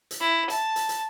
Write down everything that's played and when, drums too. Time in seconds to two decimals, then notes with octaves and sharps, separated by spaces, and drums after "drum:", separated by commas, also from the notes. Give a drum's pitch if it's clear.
0.11 drum: hi-hat
0.20 E4
0.50 A5, drum: hi-hat
0.76 drum: hi-hat
0.89 drum: hi-hat